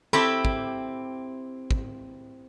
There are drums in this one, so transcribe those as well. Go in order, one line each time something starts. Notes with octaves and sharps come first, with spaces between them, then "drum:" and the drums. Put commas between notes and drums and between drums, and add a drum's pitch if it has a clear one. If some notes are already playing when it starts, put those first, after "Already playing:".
C4 E4 G4 A4 B5 C#6
drum: kick
drum: kick